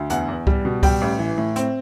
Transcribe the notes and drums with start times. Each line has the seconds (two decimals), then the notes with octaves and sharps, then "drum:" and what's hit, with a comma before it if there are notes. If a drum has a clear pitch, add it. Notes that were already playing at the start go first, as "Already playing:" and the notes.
Already playing: D2
0.10 E2 F#5, drum: hi-hat
0.28 E2
0.47 G3, drum: kick C#2
0.65 B2
0.83 G3 G5, drum: kick C#2, open hi-hat
1.01 A1
1.19 E3
1.38 A2
1.56 C4, drum: hi-hat